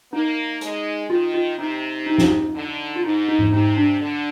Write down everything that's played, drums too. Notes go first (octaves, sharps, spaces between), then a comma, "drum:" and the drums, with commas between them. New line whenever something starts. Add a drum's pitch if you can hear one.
A#3 D#4
G#3, drum: hi-hat
D#3 F4
F4
C3 D#4
D#4
drum: snare
D3
F4
G#2 D#4
D#4
drum: tom G#2
C3 D#4
D4
D3